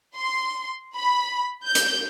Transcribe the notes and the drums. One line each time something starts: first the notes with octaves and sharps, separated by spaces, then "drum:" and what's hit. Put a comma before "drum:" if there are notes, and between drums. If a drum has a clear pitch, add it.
C6
B5
G6
drum: hi-hat